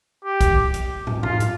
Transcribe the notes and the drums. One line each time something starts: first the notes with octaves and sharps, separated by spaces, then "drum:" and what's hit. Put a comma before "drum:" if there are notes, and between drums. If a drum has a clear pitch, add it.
G4
drum: kick, hi-hat
drum: hi-hat
drum: tom
F4, drum: tom G#2
drum: hi-hat